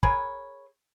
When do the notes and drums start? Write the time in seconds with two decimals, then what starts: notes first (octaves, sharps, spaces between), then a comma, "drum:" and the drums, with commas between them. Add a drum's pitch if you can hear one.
0.03 G#4 A#4 B4 C#5, drum: kick